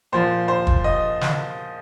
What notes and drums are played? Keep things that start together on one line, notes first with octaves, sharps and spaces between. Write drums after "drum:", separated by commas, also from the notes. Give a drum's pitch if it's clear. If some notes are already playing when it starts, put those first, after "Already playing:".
A#2 F3 C5
C5
drum: kick
D#5
drum: snare